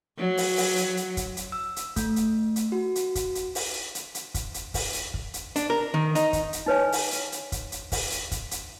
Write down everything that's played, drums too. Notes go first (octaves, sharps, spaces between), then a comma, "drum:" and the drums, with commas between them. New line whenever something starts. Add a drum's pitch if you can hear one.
F#3
drum: open hi-hat
drum: open hi-hat
drum: hi-hat
drum: hi-hat
drum: kick, hi-hat
drum: hi-hat
E6
drum: hi-hat
A3, drum: kick, hi-hat
drum: hi-hat
drum: hi-hat
F#4
drum: hi-hat
drum: kick, hi-hat
drum: hi-hat
drum: open hi-hat
drum: hi-hat
drum: hi-hat
drum: kick, hi-hat
drum: hi-hat
drum: kick, open hi-hat
drum: hi-hat
drum: kick
drum: hi-hat
D4, drum: hi-hat
A#4
D#3
D#4, drum: hi-hat
drum: kick, hi-hat
drum: hi-hat
D#4 B4 C#5 G#5
drum: open hi-hat
drum: hi-hat
drum: hi-hat
drum: kick, hi-hat
drum: hi-hat
drum: kick, open hi-hat
drum: hi-hat
drum: kick, hi-hat
drum: hi-hat